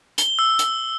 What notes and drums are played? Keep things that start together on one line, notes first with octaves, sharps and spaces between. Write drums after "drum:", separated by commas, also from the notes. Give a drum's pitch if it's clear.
G7, drum: hi-hat
E6
drum: hi-hat